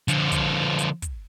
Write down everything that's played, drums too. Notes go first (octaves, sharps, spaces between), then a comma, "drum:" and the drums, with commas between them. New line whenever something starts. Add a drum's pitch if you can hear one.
D3 F3, drum: hi-hat
drum: kick, hi-hat
drum: hi-hat
drum: kick, hi-hat